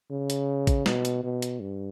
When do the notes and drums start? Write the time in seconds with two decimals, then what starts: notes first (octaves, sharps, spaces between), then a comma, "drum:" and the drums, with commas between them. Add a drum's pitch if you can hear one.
0.11 C#3
0.30 drum: hi-hat
0.67 drum: kick A1, hi-hat
0.86 B2, drum: snare
1.05 drum: hi-hat
1.24 B2
1.42 drum: hi-hat
1.61 G2